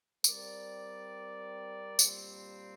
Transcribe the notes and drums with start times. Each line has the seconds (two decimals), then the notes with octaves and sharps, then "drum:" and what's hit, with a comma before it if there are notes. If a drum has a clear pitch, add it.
0.24 G3 C4 A#4 D5, drum: tambourine
1.99 A#2 G3 C4, drum: tambourine